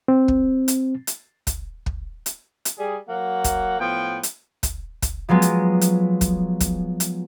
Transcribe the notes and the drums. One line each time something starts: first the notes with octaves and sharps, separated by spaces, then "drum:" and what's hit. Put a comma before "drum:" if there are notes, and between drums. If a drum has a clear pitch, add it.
C4
drum: kick
drum: hi-hat
drum: hi-hat
drum: kick, hi-hat
drum: kick
drum: hi-hat
drum: hi-hat
G3 G#4
F#3 A#3 F#5
drum: kick, hi-hat
A2 F3 B3 G5
drum: hi-hat
drum: kick, hi-hat
drum: kick, hi-hat
F3 F#3 G#3 B3
drum: hi-hat
drum: hi-hat
drum: kick, hi-hat
drum: kick, hi-hat
drum: hi-hat